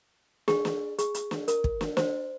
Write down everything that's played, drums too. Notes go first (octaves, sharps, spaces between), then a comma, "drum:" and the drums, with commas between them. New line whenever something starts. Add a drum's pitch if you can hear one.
G#4, drum: snare
drum: snare
G#4, drum: hi-hat
drum: hi-hat
drum: snare
A#4, drum: hi-hat
drum: kick
drum: snare
C5, drum: snare